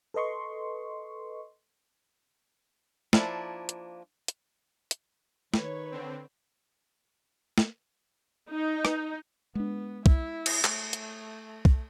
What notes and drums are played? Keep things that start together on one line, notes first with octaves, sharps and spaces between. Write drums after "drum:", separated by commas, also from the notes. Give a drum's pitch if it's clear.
A4 B4 D#5 C6 C#6
F3 A#3 D4 E4, drum: snare
drum: hi-hat
drum: hi-hat
drum: hi-hat
D#3 B4 C#5, drum: snare
D3 C4
drum: snare
D#4
drum: rim click
G#3 B3 D4
E4, drum: kick
drum: cymbal
A3, drum: clap
drum: hi-hat
drum: kick